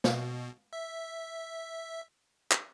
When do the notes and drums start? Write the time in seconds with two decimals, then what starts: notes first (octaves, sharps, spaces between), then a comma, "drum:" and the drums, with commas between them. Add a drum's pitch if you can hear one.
0.04 B2, drum: snare
0.73 E5
2.51 drum: clap